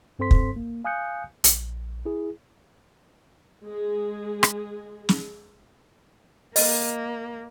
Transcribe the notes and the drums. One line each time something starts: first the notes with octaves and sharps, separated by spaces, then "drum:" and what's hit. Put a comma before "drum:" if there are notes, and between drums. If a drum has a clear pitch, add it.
G2 C4 A4 C5 C6 B6
drum: kick
A#3
F5 G#5 D#6 F#6 G6 C#7
A#1, drum: hi-hat
E4 G#4
G#3 G#4
drum: rim click
drum: snare
A#3 D#5, drum: open hi-hat